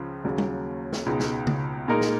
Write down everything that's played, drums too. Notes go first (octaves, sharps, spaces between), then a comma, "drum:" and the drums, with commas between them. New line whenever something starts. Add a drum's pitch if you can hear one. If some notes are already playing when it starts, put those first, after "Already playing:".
Already playing: C#2 C#3 F3
D#2 C#3 F#3 A#3
drum: tom G3
drum: snare
C#2 B2 G#3 B3 D#4
drum: snare
drum: tom C#3
A#2 G#3 D#4 A#4
drum: snare